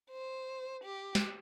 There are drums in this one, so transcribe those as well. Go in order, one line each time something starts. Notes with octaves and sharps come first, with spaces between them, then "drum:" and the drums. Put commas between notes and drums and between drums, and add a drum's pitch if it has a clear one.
C5
G4
drum: snare